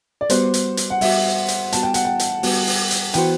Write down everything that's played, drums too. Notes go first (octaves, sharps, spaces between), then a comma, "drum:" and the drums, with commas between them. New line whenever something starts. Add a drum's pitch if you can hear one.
D5
G3 B3 F#4 C5, drum: hi-hat
drum: hi-hat
drum: hi-hat
F#5
G3 B3 F#4 E5, drum: open hi-hat
drum: hi-hat
G3 B3 F#4 A5, drum: hi-hat
G5
F#5, drum: hi-hat
G5
drum: hi-hat
G3 B3 F#4, drum: open hi-hat
drum: open hi-hat
drum: hi-hat
E3 B3 F#4 C5 G5, drum: hi-hat